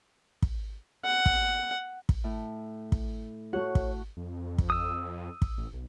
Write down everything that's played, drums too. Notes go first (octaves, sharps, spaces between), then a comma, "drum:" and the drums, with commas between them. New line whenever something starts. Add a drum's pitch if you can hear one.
drum: kick
F#5
drum: kick
drum: kick
A2
drum: kick
A3 F#4 C#5 F#5
drum: kick
F2
drum: kick
D#6 E6
drum: kick
A1
B1